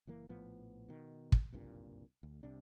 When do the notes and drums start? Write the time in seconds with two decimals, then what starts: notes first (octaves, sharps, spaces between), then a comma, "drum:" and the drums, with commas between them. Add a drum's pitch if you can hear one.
0.07 F#1 E3 A#3
0.29 A#1 A2 F3 B3
0.89 B2 D#3
1.32 drum: kick
1.53 F#1 C2 G2 A#2
2.23 D2
2.43 C2 C3 D4